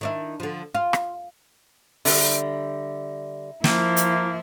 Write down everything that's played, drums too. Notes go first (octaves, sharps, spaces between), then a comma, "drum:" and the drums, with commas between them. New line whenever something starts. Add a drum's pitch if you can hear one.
D#3 D4 E4
D3 F3
F4
drum: rim click
D3 G3 E5, drum: open hi-hat
F3 A#3 E4, drum: snare
drum: hi-hat